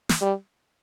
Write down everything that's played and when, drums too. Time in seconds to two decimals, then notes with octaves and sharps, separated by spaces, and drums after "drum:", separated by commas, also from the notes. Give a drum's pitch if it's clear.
0.09 drum: snare
0.22 G3